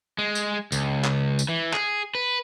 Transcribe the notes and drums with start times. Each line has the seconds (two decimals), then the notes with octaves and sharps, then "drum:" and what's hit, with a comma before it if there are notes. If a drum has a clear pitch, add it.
0.18 G#3
0.35 drum: tambourine
0.72 C#2, drum: tambourine
1.04 drum: clap
1.39 drum: tambourine
1.49 E3
1.73 G#4, drum: clap
2.15 B4